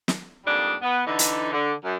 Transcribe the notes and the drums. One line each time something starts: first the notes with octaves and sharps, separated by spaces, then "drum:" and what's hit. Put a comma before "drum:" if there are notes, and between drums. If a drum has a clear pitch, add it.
drum: snare
F2 G#2 G3 A#3 D4 G#4
B3
D3 E3 D#4
drum: hi-hat
D3
F#2